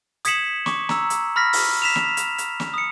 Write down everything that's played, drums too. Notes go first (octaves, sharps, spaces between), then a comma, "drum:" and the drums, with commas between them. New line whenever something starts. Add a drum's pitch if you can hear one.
D#6 G#6 B6 C#7 E7 F#7, drum: hi-hat
C#6 D6, drum: snare
A#5 E6, drum: snare
drum: hi-hat
B5 F6 A#6 B6
drum: open hi-hat
B6 E7 F7
drum: snare
drum: hi-hat
drum: hi-hat
drum: snare
D#6 C#7